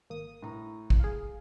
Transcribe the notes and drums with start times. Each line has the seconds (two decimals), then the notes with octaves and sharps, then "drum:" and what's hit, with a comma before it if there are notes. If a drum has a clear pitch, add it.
0.10 G#1 A#3 D#6
0.43 A2 A#5
0.90 drum: kick
1.00 G#4 F5